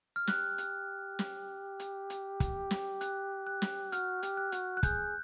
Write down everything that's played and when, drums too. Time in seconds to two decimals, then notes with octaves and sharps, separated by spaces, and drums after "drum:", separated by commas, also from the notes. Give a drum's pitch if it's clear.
0.16 F6
0.27 G4 F#6, drum: snare
0.58 drum: hi-hat
1.19 drum: snare
1.80 drum: hi-hat
2.10 drum: hi-hat
2.40 drum: kick, hi-hat
2.71 drum: snare
3.01 F#6, drum: hi-hat
3.47 F#6
3.62 drum: snare
3.92 F#4 F6, drum: hi-hat
4.23 G4, drum: hi-hat
4.37 F#6
4.52 F#4, drum: hi-hat
4.77 F#6
4.83 G#4 G6, drum: kick, hi-hat